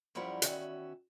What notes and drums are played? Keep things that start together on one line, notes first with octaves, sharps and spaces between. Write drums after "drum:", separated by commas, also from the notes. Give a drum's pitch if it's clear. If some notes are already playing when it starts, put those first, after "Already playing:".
F#2 F3 G3 E4 A#4 F#5
E2 D#3 C#4 F#4 E5, drum: hi-hat